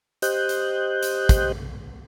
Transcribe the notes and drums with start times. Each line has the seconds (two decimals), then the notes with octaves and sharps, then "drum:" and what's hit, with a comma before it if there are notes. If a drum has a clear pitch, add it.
0.22 G4 C5 D#5 F#6 G6, drum: hi-hat
0.49 drum: hi-hat
1.03 drum: hi-hat
1.29 drum: kick, hi-hat